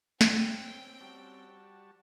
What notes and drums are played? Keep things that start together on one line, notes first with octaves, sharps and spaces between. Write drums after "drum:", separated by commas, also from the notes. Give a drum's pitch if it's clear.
C4 C#4 G5, drum: snare
G3 F#4 A5